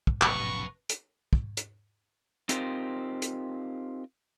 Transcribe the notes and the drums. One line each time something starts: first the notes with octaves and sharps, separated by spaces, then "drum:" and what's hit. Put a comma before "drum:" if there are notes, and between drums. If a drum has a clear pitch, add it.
drum: kick
F1 B1 B4 A5 C#6, drum: clap
drum: hi-hat
drum: kick
drum: hi-hat
C4 D#4 F4 G4 A#4 C5, drum: hi-hat
drum: hi-hat